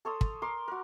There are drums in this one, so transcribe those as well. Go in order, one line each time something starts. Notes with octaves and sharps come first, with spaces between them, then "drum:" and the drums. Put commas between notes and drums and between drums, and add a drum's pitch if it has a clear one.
A4 C#5 C6 D#6
drum: kick
A#4 C6 D6
F#4 A#4